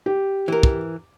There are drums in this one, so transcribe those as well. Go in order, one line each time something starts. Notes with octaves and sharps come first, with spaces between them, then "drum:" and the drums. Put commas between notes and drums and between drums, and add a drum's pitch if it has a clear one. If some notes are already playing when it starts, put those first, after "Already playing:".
G4
E3 A#4
drum: kick